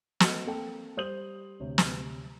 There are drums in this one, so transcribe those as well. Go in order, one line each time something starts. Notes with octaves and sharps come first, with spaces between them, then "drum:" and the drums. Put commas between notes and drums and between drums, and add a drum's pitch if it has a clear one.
A3 F#4 D#5 E6 C#7, drum: snare
A#3 C4 A4 G5
G3 C5 D#6 G6 F#7
D2 C3 C#5
drum: snare